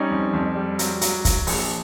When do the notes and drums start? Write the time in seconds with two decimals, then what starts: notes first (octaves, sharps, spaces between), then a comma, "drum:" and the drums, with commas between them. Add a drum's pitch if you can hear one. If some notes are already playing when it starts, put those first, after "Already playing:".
Already playing: G3 C#4 D#4
0.11 F2
0.33 F2
0.56 G3
0.79 F#3, drum: hi-hat
1.01 F#3, drum: hi-hat
1.25 F#3, drum: kick, hi-hat
1.47 A#1, drum: open hi-hat